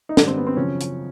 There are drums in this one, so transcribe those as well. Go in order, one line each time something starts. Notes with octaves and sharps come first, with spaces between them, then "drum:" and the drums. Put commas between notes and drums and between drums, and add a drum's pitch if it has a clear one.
D#4
G#2 D#3 G3 D4, drum: snare
C4
B3
C4
F#2 C#3 F3 C#4
drum: hi-hat